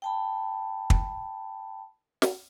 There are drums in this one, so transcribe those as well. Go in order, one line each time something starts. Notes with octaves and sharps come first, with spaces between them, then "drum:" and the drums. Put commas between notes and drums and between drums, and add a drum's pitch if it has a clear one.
G5 A5 B5
drum: kick
drum: snare